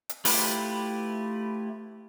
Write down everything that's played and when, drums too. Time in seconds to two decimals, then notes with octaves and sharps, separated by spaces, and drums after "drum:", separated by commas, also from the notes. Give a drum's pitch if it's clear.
0.09 drum: hi-hat
0.25 A3 E4 F4 G4 B4, drum: open hi-hat